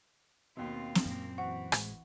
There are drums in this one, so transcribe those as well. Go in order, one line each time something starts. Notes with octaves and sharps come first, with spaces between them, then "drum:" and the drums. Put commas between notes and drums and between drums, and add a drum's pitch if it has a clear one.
D#2 B2 C4 F4
drum: snare
F#2 A#2 A#3 C4
E3 C4 F#4 F#5 C#6
A2 G#3, drum: rim click